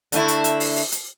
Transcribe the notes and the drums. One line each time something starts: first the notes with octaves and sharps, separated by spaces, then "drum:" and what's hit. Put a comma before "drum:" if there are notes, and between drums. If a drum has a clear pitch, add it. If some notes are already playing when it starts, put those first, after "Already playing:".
D3 A3 E4, drum: hi-hat
drum: hi-hat
drum: hi-hat
drum: open hi-hat
drum: open hi-hat
drum: hi-hat